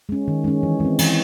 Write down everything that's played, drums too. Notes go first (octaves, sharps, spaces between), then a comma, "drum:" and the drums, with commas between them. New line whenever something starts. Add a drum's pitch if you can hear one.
G#3 C#4
D#3
G#3 C#4
E3
G#3 C4
E3, drum: cymbal